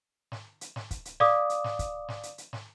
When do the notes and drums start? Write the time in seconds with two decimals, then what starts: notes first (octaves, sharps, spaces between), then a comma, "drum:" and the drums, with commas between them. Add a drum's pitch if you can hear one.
0.32 drum: snare
0.61 drum: hi-hat
0.76 drum: snare
0.91 drum: kick, hi-hat
1.05 drum: hi-hat
1.20 D5 F5 D6 D#6, drum: snare
1.50 drum: hi-hat
1.64 drum: snare
1.79 drum: kick, hi-hat
2.09 drum: snare
2.23 drum: hi-hat
2.38 drum: hi-hat
2.53 drum: snare